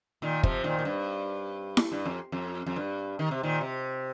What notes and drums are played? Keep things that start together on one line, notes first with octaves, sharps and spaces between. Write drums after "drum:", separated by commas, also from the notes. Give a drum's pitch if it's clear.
A#2 D#3
C3 F3, drum: kick
A#2 D#3
A#2
G2
drum: snare E4
G2
F2
F2
F2
G2
D#3
C3
A#2 D#3
C3